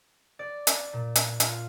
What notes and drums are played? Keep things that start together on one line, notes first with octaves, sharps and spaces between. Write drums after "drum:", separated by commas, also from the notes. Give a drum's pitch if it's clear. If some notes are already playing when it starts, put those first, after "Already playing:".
D5
drum: hi-hat
A#2
drum: hi-hat
F4, drum: hi-hat